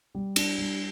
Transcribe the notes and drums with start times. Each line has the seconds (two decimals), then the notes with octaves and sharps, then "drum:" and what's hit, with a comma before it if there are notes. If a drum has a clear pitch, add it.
0.15 G3
0.36 D4, drum: cymbal
0.58 G3